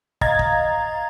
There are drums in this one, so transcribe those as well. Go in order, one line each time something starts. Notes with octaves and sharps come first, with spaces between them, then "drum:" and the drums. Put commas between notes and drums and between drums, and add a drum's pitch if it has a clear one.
D#5 F5 A#5 G#6 A6, drum: kick
drum: kick